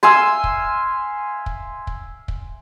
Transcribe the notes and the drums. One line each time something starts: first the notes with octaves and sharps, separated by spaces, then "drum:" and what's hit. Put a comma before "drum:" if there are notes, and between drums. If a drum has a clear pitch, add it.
E5 F5 G#5 C6
drum: kick
drum: kick
drum: kick
drum: kick